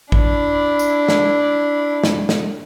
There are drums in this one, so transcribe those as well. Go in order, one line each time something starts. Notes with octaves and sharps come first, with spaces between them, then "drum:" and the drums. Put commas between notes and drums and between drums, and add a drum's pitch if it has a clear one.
D4 E4, drum: kick
drum: tambourine
drum: snare
drum: snare
drum: snare